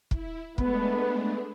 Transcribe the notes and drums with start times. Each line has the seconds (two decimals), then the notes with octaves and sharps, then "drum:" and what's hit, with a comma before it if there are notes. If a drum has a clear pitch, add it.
0.11 E4, drum: kick
0.58 G#3 A3 B3 D4, drum: kick